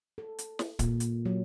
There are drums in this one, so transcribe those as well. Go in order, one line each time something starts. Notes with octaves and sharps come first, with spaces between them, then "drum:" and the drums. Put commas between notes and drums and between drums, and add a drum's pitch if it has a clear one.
A4
drum: hi-hat
drum: snare
A#2, drum: kick, hi-hat
drum: hi-hat
F#3